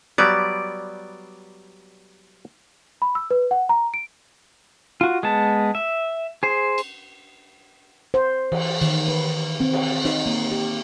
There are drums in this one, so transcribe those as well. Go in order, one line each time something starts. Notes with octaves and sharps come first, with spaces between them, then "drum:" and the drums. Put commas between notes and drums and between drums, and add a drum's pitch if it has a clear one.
F#3 G3 B3 D5
B5
E6
B4
F#5
A#5
D7
F4 F#4
G#3 B3 A5
E5
G#4 C5
drum: cymbal
C5
E3, drum: cymbal
D#3, drum: cymbal
B4
C4
drum: cymbal
D#4, drum: snare
A#3
G4